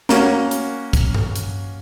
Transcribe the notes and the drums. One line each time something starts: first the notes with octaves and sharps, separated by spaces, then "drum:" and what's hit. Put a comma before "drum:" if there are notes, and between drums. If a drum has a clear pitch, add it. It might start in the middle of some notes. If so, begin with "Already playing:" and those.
A#3 C#4 F#4, drum: snare
drum: hi-hat
drum: kick, hi-hat
drum: tom G2
drum: hi-hat